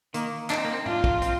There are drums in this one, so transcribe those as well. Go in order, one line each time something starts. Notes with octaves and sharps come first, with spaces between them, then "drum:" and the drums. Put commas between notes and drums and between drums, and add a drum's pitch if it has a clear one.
D#3 A#3, drum: hi-hat
D4 D#4, drum: clap
C4
A#3
C4
D4 F4, drum: tom G#2
drum: kick
C4, drum: hi-hat